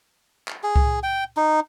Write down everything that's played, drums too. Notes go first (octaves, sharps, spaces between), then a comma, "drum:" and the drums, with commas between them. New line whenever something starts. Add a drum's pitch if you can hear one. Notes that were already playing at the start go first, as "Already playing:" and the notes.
drum: clap
G#4
drum: kick C2
G5
D#4